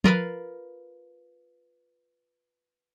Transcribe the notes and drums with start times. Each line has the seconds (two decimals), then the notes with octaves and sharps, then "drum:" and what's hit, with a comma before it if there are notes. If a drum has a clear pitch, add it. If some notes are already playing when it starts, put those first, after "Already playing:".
0.04 F4 A#4 B4 F5, drum: tom F3